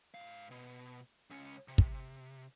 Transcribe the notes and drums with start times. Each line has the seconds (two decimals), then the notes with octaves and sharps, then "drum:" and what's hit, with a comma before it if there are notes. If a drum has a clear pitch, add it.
0.14 G#2 F5
0.51 B2
1.30 C#2 C#4
1.68 C3
1.78 drum: kick